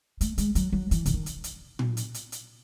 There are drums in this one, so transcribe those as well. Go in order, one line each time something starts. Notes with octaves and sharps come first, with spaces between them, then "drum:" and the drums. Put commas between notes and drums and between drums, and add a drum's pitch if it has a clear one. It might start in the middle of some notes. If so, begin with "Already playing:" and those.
A3, drum: hi-hat
G#3, drum: hi-hat
F#3, drum: hi-hat
F#3
E3, drum: hi-hat
C#3, drum: hi-hat
D#3
drum: hi-hat
drum: hi-hat
drum: tom A#2
drum: hi-hat
drum: hi-hat
drum: hi-hat